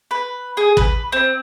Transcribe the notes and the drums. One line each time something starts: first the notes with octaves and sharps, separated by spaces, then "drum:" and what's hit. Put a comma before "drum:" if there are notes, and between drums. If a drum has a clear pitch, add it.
B4
G#4
B4, drum: kick
C4